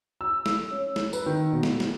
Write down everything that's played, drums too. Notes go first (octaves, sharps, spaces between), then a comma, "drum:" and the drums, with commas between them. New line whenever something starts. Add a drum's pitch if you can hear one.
E6
drum: snare
C#4
drum: snare
B4, drum: tambourine
D#3
B2
drum: snare
drum: snare